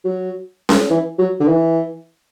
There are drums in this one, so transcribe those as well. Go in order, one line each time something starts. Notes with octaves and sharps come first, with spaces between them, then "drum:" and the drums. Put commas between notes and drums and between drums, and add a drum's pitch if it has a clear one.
F#3
drum: snare C#4
E3
F#3
D3
E3